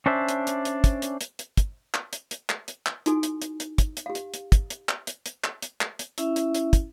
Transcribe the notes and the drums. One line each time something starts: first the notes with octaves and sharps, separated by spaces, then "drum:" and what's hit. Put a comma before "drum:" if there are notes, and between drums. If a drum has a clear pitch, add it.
C#4 D4 C5 E5
drum: hi-hat
drum: hi-hat
drum: hi-hat
drum: kick, hi-hat
drum: hi-hat
drum: hi-hat
drum: hi-hat
drum: kick, hi-hat
drum: clap
drum: hi-hat
drum: hi-hat
drum: clap
drum: hi-hat
drum: clap
D#4 E4 F#4 A4 G#5, drum: hi-hat
drum: hi-hat
drum: hi-hat
drum: hi-hat
drum: kick, hi-hat
drum: hi-hat
G4 F5
drum: hi-hat
drum: hi-hat
drum: kick, hi-hat
drum: hi-hat
drum: clap
drum: hi-hat
drum: hi-hat
drum: clap
drum: hi-hat
drum: clap
drum: hi-hat
C#4 E4 E5, drum: hi-hat
drum: hi-hat
drum: hi-hat
drum: kick, hi-hat